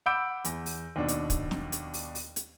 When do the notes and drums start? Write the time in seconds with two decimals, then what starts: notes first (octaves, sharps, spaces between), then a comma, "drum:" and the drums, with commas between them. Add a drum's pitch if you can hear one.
0.06 F#5 B5 D6 E6 G6 D7
0.45 E2, drum: hi-hat
0.66 drum: open hi-hat
0.96 D#2 B2 D4
1.08 drum: hi-hat
1.30 drum: kick, hi-hat
1.51 drum: snare
1.72 drum: hi-hat
1.94 drum: open hi-hat
2.15 drum: open hi-hat
2.36 drum: hi-hat